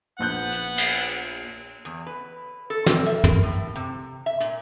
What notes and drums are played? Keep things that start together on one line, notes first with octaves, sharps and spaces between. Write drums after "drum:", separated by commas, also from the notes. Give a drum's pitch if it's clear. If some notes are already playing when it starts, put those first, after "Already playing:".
A#1 B3 F#5 F#6 G6
drum: hi-hat
drum: cymbal
E2
B4
A4
C4, drum: snare
E5
A#4, drum: tom
A2
C3
E5
A#2, drum: hi-hat